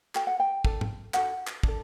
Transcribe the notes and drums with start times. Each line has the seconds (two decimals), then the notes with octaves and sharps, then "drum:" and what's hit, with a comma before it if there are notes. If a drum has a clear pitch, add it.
0.15 F#4 A4 G5, drum: clap
0.27 F#5
0.40 G5
0.65 D4 A4, drum: kick
0.81 drum: tom
1.14 D4 F#4 A4 F#5, drum: clap
1.47 drum: clap
1.63 D4 A4, drum: kick